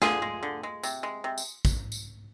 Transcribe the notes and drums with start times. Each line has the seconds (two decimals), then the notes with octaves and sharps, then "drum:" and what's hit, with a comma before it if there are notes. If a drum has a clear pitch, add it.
0.02 D3 F4 G#4, drum: snare
0.22 G#3
0.43 D3
0.63 G#3
0.83 C3, drum: tambourine
1.03 G#3
1.24 C3
1.38 drum: tambourine
1.65 drum: kick, tambourine
1.92 drum: tambourine